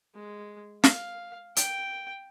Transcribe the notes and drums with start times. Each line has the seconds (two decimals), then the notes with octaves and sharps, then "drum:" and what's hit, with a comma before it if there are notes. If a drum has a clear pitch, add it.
0.15 G#3
0.84 F5, drum: snare
1.56 G5, drum: hi-hat